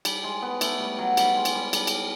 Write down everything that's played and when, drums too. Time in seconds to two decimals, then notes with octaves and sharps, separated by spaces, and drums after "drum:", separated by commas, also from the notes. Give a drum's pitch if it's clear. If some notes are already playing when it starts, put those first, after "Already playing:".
0.05 G3, drum: cymbal
0.24 G#3
0.42 B3
0.61 A3, drum: cymbal
0.80 G3
0.99 F#3
1.17 G3, drum: cymbal
1.36 G#3
1.45 drum: cymbal
1.55 G3
1.73 G3, drum: cymbal
1.87 drum: cymbal